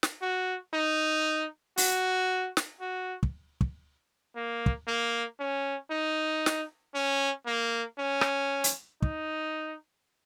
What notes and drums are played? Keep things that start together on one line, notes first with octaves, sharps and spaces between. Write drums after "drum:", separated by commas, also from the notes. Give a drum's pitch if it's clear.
drum: snare
F#4
D#4
F#4, drum: open hi-hat
drum: snare
F#4
drum: kick
drum: kick
A#3
drum: kick
A#3
C#4
D#4
drum: snare
C#4
A#3
C#4
drum: rim click
drum: hi-hat
D#4, drum: kick